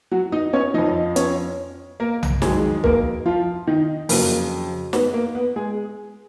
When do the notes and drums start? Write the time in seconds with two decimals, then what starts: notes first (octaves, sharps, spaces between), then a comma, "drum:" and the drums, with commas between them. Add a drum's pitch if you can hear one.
0.11 F#3 F#4
0.32 D#4 D#5
0.53 C#4 C#5
0.74 F2 F3 D#4 D#5
1.16 C#4 C#5, drum: hi-hat
2.00 A#3 A#4
2.23 drum: tom B1
2.42 F2 D#3 F#3 G#3 G#4, drum: snare
2.84 A#3 A#4, drum: kick
3.26 F3 F4
3.67 D#3 D#4
4.09 F2 C#3 F#3 A#3, drum: open hi-hat
4.93 B3, drum: snare
5.14 A#3
5.35 B3
5.56 G#3 G#4